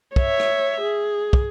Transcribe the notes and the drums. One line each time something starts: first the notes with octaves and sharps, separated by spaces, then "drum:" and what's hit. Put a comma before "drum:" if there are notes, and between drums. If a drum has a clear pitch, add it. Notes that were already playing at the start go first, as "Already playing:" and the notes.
C#5 E5, drum: kick
drum: rim click
G#4
drum: kick